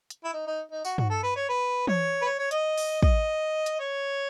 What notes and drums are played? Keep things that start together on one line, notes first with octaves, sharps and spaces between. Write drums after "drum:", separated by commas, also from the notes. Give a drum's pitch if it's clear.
drum: hi-hat
E4
D#4
D#4
D#4
F#4, drum: tambourine
F#4, drum: tom G2
A4
B4
C#5
B4
C#5, drum: tom E3
B4
C#5
C#5
D#5, drum: hi-hat
drum: open hi-hat
D#5, drum: kick
drum: hi-hat
C#5